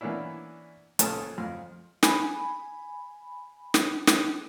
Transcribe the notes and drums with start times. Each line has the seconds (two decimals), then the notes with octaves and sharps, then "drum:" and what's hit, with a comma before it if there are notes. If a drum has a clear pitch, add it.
0.01 E3 A#3 B3 C#4 D4 E4
0.99 A#1 C#4 A4 A5 D#6, drum: hi-hat
1.38 F2 F6
2.03 G#5 B5, drum: snare
3.74 drum: snare
4.07 drum: snare